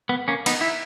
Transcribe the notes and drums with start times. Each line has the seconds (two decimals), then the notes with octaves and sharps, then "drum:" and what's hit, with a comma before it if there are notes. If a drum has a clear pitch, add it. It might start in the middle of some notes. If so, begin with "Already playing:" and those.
0.09 B3
0.28 A#3 C#4
0.46 B3 D#4, drum: cymbal
0.61 E4